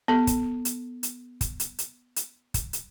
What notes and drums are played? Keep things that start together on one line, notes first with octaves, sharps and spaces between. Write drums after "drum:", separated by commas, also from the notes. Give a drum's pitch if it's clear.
B3 A4
drum: kick, hi-hat
drum: hi-hat
drum: hi-hat
drum: kick, hi-hat
drum: hi-hat
drum: hi-hat
drum: hi-hat
drum: kick, hi-hat
drum: hi-hat